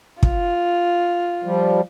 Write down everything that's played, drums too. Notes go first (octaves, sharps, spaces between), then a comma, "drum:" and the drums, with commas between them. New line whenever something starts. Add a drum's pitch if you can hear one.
F4, drum: kick
F3 G3